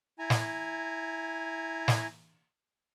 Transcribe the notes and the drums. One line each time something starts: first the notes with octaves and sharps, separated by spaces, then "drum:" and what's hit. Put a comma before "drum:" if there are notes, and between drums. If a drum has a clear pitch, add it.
E4 G#5 A#5
drum: snare
drum: snare